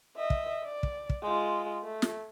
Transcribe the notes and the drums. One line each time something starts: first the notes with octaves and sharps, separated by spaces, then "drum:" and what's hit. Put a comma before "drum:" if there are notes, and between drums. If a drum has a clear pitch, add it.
D#5 E5
drum: kick
D5
drum: kick
drum: kick
G#3 F4
A3
drum: snare